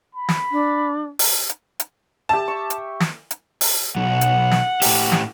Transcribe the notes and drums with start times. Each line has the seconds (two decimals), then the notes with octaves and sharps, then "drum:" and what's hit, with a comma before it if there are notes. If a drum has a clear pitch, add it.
0.15 B5
0.29 drum: snare
0.51 D4
1.19 drum: open hi-hat
1.49 drum: hi-hat
1.80 drum: hi-hat
2.29 G4 E5 A5
2.48 C#6
2.70 drum: hi-hat
3.00 drum: snare
3.31 drum: hi-hat
3.61 drum: open hi-hat
3.96 B1 F#3 F#5
4.21 drum: hi-hat
4.51 drum: snare
4.82 A2 G4, drum: open hi-hat
5.12 drum: snare